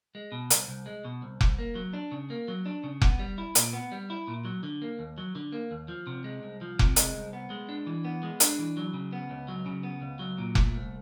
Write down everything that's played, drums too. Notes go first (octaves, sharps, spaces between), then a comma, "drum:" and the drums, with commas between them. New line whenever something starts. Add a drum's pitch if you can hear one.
G#3
B2
C2, drum: hi-hat
C2
G#3
B2
C2
C2, drum: kick F1
A#3
F#3
D4
C#3
A#3
F#3
D4
C#3
B3, drum: kick F1
G3
E4
A#2, drum: hi-hat
B3
G3
E4
A#2
F#3
D3
A#3
D#2
F#3
D3
A#3
D#2
F3
C3
G#3
C2
F3
C3, drum: kick F1
G#3, drum: hi-hat
C2
B3
G#3
D4
E3
B3
G#3
D4, drum: hi-hat
E3
F#3
C#3
B3
C#2
F#3
C#3
B3
C#2
F#3
A#2
A3, drum: kick F1
C2